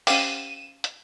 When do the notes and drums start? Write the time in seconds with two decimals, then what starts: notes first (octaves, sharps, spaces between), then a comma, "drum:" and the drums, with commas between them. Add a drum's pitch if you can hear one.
0.07 C#4 G4 C5 F5 F#5 D#7 E7, drum: open hi-hat
0.84 drum: hi-hat